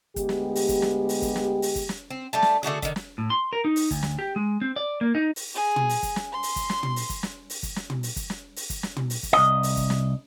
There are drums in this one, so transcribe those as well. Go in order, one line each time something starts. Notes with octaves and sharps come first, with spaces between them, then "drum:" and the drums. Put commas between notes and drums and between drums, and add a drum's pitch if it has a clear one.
D2 G#3 B3 G4, drum: kick, hi-hat
drum: snare
drum: open hi-hat
drum: kick, hi-hat
drum: snare
drum: open hi-hat
drum: kick, hi-hat
drum: snare
drum: open hi-hat
drum: kick, hi-hat
drum: snare
C4
G3 A3 A5
drum: snare
D3 A3 F#4 G#4
D3 D#3, drum: kick, hi-hat
drum: snare
A2
C6
A#4
D#4
drum: open hi-hat
D2, drum: kick, hi-hat
drum: snare
G4
G#3
C4
D5
A#3
D#4
drum: open hi-hat
G#4
drum: tom
drum: open hi-hat
drum: kick, hi-hat
drum: snare
C6
drum: open hi-hat
drum: kick, hi-hat
drum: snare
drum: tom
drum: open hi-hat
drum: kick, hi-hat
drum: snare
drum: open hi-hat
drum: kick, hi-hat
drum: snare
drum: tom
drum: open hi-hat
drum: kick, hi-hat
drum: snare
drum: open hi-hat
drum: kick, hi-hat
drum: snare
drum: tom
drum: open hi-hat
drum: kick, hi-hat
C2 D#5
drum: open hi-hat
drum: kick, hi-hat
drum: snare